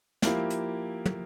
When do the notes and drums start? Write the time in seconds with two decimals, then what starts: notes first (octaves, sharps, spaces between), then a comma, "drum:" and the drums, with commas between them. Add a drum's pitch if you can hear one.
0.22 F3 A#3 E4 G4, drum: snare
0.50 drum: hi-hat
1.05 drum: tom